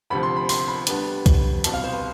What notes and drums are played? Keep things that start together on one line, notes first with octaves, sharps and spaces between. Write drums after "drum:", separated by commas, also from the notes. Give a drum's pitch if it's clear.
D2 C3 F3 B5
C6
B5
C6, drum: open hi-hat
B5
D2 D3 G3 B3 D4, drum: hi-hat
drum: kick C2, hi-hat
C2 B2 G3 C4 A5, drum: hi-hat
F5
C5
B4